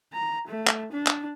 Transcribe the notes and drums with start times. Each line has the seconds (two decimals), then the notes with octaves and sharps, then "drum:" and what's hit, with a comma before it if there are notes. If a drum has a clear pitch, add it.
0.13 A#5
0.47 A3
0.67 drum: clap
0.92 D4
1.07 drum: clap